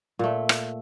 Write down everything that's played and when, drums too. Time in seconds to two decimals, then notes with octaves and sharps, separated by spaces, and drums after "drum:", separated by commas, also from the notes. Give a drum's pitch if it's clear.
0.19 A#2 A3
0.49 drum: rim click